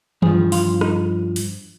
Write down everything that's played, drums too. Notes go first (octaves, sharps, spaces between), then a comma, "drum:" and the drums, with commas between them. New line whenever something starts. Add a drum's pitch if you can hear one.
G2 F3 G#4, drum: tom D#3
F4, drum: open hi-hat
D#4, drum: rim click
drum: open hi-hat